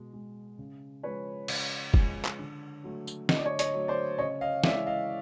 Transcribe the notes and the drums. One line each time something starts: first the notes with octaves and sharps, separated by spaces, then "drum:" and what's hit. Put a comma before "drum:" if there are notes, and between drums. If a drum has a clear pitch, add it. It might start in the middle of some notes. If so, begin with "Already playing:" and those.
Already playing: B2 G#3
G#3
C#3
F3 G#3 B4 C#5
C#3, drum: cymbal
F3 G#3, drum: kick
drum: clap
D3
F#3 A3
drum: tambourine
D3 D#5, drum: snare
D5
C#5 D#5
C#5 D#5, drum: hi-hat
F#3 A3
C5 D5
C#3 C#5 D#5
D#5 F5
E3 G#3 D5 E5, drum: snare
D#5 F5